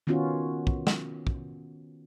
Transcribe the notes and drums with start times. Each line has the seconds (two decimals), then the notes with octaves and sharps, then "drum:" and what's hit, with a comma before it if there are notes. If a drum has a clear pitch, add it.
0.07 D#3 B3 C#4 F4 F#4
0.67 drum: kick
0.87 drum: snare
1.27 drum: kick